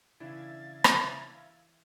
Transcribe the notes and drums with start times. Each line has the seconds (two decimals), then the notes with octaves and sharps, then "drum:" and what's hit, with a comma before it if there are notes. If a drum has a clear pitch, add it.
0.20 C#3 E3 D4 E5 F5 G#6 A6
0.84 drum: rim click